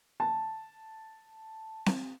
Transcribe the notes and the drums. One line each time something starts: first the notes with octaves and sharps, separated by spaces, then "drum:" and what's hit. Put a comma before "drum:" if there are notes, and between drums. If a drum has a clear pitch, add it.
A5
drum: snare C4